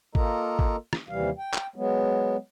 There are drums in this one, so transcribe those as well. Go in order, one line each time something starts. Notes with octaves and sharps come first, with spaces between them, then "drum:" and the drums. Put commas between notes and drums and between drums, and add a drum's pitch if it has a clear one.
A#3 F4 A4 A#4 D#5 A#5, drum: kick
drum: kick
drum: rim click
D#2 C3 E3 G3 F5
G5
drum: clap
F#3 G#3 B3